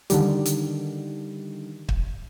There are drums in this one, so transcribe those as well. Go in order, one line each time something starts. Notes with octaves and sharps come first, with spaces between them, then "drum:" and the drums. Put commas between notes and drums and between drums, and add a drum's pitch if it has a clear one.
D3 D#3 G3, drum: hi-hat
drum: hi-hat
drum: kick